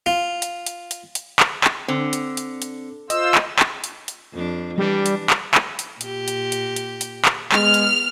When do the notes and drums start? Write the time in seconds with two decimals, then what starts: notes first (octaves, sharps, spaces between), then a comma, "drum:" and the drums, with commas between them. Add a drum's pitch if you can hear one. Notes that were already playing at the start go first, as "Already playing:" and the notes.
0.06 F4
0.42 drum: hi-hat
0.66 drum: hi-hat
0.91 drum: hi-hat
1.15 drum: hi-hat
1.40 drum: clap
1.64 drum: clap
1.88 D3 C4
2.13 drum: hi-hat
2.37 drum: hi-hat
2.62 drum: hi-hat
3.10 F4 C5 D#5 E6, drum: hi-hat
3.35 drum: clap
3.59 drum: clap
3.84 drum: hi-hat
4.08 drum: hi-hat
4.33 F2 D4
4.78 E3 G3 D4
5.06 drum: hi-hat
5.30 drum: clap
5.54 drum: clap
5.79 drum: hi-hat
6.01 A#2 G4, drum: hi-hat
6.28 drum: hi-hat
6.52 drum: hi-hat
6.76 drum: hi-hat
7.01 drum: hi-hat
7.25 drum: clap
7.52 G#3 B3 F6, drum: clap
7.74 drum: hi-hat